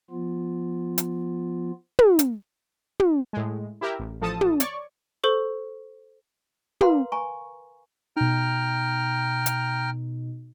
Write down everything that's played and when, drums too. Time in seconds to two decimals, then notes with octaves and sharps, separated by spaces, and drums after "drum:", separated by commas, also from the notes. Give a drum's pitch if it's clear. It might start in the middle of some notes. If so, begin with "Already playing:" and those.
0.11 F3 B3 F4
0.98 drum: hi-hat
1.99 drum: tom
2.19 drum: hi-hat
3.00 drum: tom
3.33 A2 G#3
3.81 E4 G4 A#4 E5
3.99 A1
4.21 A1 F3 A4 A5 D#6
4.41 drum: tom
4.60 C#5 D5 C#6, drum: hi-hat
5.24 A4 C5 C#6
6.81 A#4 B4 F5 F#5 A#5 C6, drum: tom
7.12 G#5 A#5 C#6
8.16 B2 D#4 G5 A#5 F6
9.46 drum: hi-hat